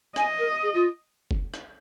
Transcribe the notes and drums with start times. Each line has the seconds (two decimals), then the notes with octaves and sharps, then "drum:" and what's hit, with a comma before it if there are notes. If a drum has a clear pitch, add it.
0.16 D#5 G#5, drum: rim click
0.39 A#4
0.62 G#4
0.74 F4
1.31 drum: kick
1.54 drum: rim click